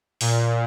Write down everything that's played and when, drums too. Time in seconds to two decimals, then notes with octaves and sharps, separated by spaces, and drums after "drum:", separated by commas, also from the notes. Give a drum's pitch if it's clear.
0.21 A#2, drum: open hi-hat